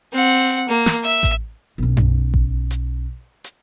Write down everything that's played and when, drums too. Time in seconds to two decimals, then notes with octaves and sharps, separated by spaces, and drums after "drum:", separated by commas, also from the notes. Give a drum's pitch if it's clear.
0.12 C4 F#5
0.49 drum: hi-hat
0.68 A#3
0.86 drum: snare
1.04 E5
1.23 drum: kick A1, hi-hat
1.78 B1 C#4
1.97 drum: tom F#2
2.34 drum: kick A1
2.71 drum: hi-hat
3.44 drum: hi-hat